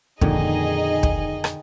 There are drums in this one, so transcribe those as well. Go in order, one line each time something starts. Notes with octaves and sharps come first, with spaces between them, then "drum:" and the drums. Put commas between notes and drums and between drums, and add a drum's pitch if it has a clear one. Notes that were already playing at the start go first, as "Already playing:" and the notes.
F2 A#2 D3 D#3 D#4 G#4 D#5, drum: kick
drum: kick
drum: rim click